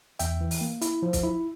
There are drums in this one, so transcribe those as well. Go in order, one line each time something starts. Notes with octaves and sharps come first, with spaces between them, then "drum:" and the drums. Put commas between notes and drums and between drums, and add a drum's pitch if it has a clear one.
E2 E5 G5, drum: hi-hat
E3
drum: open hi-hat
A#3
E4, drum: hi-hat
F3
drum: kick, hi-hat
E4